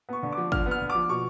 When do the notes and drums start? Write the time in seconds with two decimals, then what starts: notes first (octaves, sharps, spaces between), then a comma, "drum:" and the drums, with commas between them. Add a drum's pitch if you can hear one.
0.09 B3 C#6
0.23 D3
0.32 F3 D6
0.52 D3 F6, drum: kick
0.66 B3
0.71 F6
0.81 D3
0.90 D6
0.95 F3
1.09 B2 C#6